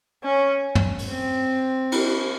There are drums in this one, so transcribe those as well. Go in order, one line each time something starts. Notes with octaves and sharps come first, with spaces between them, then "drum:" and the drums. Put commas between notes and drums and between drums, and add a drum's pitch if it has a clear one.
C#4
drum: tom
drum: open hi-hat
C4
drum: cymbal